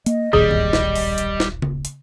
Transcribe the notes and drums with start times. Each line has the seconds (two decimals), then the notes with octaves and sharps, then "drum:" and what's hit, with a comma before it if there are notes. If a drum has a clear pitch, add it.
0.06 A#3 D#5, drum: hi-hat
0.33 D1 A#1 D#2 G3 G#4
0.51 drum: tom F#2
0.73 drum: snare
0.96 drum: open hi-hat
1.18 drum: hi-hat
1.40 drum: snare
1.62 drum: tom C#3
1.85 drum: hi-hat